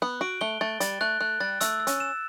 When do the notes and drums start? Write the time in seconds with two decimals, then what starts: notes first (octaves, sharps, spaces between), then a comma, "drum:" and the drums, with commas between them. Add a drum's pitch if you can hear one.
0.02 B3 F#6
0.21 F#4 D7
0.41 A3 G7
0.61 A3 A6
0.80 G3 A6, drum: hi-hat
1.01 A3 F#6
1.21 A3 F#6
1.40 G3 A6
1.61 A3 E6, drum: hi-hat
1.80 E6
1.87 C#4, drum: hi-hat
2.00 E7